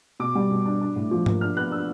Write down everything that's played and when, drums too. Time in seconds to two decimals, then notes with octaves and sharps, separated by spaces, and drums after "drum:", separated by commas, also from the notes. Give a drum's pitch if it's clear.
0.20 B2 D6
0.35 G3
0.51 B2
0.66 D4
0.81 D4
0.96 A2
1.11 F3
1.26 A#3, drum: tom G#2
1.41 D4 F6
1.57 B3 F#6
1.71 D4 E6